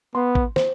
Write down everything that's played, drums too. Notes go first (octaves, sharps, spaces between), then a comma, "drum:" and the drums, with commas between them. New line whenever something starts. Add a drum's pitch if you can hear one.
B3 C6
drum: kick
C5, drum: snare